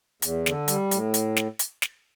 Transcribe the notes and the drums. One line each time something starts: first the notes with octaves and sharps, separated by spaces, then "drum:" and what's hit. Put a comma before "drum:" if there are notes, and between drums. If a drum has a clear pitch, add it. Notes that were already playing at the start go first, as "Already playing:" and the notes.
E2, drum: hi-hat
D3, drum: snare
G3, drum: hi-hat
A2, drum: hi-hat
drum: hi-hat
drum: snare
drum: hi-hat
drum: snare